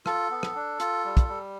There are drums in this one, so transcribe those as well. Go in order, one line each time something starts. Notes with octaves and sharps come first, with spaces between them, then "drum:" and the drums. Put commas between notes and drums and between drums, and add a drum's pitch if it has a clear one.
F4 A4, drum: rim click
B3
drum: rim click
D4
F4, drum: hi-hat
G3
drum: kick, hi-hat
G3